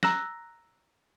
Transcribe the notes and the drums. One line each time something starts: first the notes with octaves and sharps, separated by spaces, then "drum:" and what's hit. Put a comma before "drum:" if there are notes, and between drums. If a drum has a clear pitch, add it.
A#5 E6 F#6 A#6, drum: snare